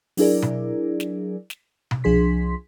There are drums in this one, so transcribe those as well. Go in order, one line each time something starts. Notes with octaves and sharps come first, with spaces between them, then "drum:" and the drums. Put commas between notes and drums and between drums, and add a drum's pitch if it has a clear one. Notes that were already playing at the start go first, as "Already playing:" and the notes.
F#3 D4 E4 G#4 A#4 D5, drum: open hi-hat
drum: tom B2
drum: snare
drum: snare
drum: tom B2
C2 F3 D4 G#4 C6 B6